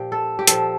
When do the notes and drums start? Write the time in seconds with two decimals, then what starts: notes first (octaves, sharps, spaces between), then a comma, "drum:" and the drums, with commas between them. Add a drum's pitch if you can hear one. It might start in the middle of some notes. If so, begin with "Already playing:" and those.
Already playing: A#2 F3 G4
0.12 A4
0.39 G4
0.47 A#2 F3 A4, drum: hi-hat